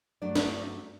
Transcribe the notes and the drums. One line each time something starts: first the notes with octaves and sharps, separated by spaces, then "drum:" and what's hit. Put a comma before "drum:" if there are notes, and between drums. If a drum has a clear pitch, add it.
G2 F#3 A3 D4 D5
B4, drum: snare